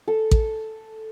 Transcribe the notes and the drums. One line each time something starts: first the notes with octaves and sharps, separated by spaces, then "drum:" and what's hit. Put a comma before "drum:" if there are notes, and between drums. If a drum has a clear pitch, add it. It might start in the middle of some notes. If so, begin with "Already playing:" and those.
A4
drum: kick A1